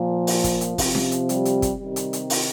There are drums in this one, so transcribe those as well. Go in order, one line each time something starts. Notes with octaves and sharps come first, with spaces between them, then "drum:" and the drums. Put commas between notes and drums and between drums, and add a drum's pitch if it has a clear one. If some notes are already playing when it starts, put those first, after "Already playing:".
Already playing: A#2 F3
drum: open hi-hat
drum: kick, hi-hat
drum: hi-hat
C3 F3, drum: kick, open hi-hat
drum: snare C#4
drum: hi-hat
G3, drum: hi-hat
drum: hi-hat
drum: kick, hi-hat
C3 D#3 G3
drum: hi-hat
drum: hi-hat
drum: open hi-hat